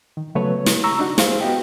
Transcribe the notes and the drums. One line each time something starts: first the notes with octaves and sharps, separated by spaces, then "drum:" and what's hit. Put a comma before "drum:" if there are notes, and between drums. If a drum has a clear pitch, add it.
D#3
C#3 F#3 A3 B3 B4 C#5
drum: snare
A#5 C#6 E6
D4 D#4 F#4
G#4 C5 F5, drum: snare
B3 F#4 G4 D#5 G5